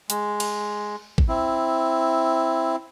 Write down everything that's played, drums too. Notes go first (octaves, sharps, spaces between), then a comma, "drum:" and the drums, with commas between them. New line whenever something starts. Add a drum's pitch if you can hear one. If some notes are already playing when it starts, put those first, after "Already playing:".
G#3, drum: hi-hat
drum: cymbal
drum: kick G#1
C4 E4